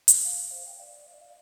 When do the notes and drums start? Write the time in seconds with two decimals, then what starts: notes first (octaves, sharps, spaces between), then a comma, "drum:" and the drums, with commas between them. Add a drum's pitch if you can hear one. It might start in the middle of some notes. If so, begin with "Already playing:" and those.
0.08 drum: hi-hat
0.24 F5
0.51 C5
0.66 G5
0.73 F5
0.80 D5
1.07 F5
1.14 D5
1.21 F5